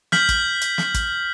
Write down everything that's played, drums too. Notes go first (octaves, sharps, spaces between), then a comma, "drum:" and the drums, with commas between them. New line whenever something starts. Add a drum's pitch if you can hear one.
F6 G6 B6 F#7, drum: snare
drum: kick, hi-hat
drum: hi-hat
drum: snare
drum: kick, hi-hat